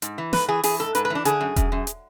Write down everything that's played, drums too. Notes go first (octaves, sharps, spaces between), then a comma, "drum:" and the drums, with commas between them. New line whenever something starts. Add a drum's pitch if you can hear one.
G#2, drum: hi-hat
E3
G#2 B4, drum: snare
E3 G#4
E3 G#4, drum: open hi-hat
G#2 A4
G#2 B4, drum: hi-hat
B4
E3 D4
D3 G#4, drum: hi-hat
F#2
F#2, drum: kick E1, hi-hat
F#2
drum: hi-hat